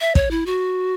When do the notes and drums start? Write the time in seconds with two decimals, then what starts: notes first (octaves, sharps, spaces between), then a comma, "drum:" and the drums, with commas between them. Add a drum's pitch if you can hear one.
0.01 E5
0.15 C#5, drum: kick
0.31 E4
0.46 F#4